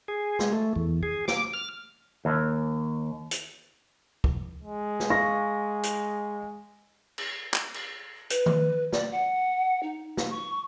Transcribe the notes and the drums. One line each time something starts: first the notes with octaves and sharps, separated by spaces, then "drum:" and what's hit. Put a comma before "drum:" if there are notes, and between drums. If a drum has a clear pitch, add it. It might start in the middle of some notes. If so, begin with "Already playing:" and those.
G#4
G#3, drum: snare
A3
E2
G#4
D6, drum: snare
F6
D#2
drum: hi-hat
drum: kick
G#3
drum: snare
F5 C#6 A#6
drum: hi-hat
drum: cymbal
drum: clap
drum: cymbal
B4, drum: hi-hat
drum: tom D#3
D5, drum: snare
F#5
D#4
drum: snare
C#6